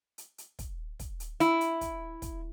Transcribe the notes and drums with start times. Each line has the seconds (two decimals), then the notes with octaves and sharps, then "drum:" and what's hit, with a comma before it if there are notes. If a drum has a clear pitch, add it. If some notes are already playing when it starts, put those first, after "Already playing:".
0.18 drum: hi-hat
0.38 drum: hi-hat
0.59 drum: kick, hi-hat
0.99 drum: kick, hi-hat
1.20 drum: hi-hat
1.40 E4, drum: hi-hat
1.61 drum: hi-hat
1.81 drum: kick, hi-hat
2.22 drum: kick, hi-hat